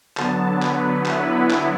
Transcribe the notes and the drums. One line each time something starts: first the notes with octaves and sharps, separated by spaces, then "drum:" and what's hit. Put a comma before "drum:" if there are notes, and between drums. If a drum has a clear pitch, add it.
D3 F#3 B3 A5, drum: clap
B4, drum: clap
D3 F#3 B3 E4 B4, drum: clap
drum: clap